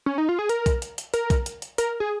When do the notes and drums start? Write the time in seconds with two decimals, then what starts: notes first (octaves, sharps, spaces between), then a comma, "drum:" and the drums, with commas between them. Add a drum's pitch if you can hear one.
0.06 C#4
0.18 D#4
0.29 F4
0.39 G#4
0.49 A#4, drum: hi-hat
0.66 drum: kick B1, hi-hat
0.82 drum: hi-hat
0.98 drum: hi-hat
1.14 A#4, drum: hi-hat
1.30 drum: kick B1, hi-hat
1.46 drum: hi-hat
1.62 drum: hi-hat
1.78 A#4, drum: hi-hat
2.00 G#4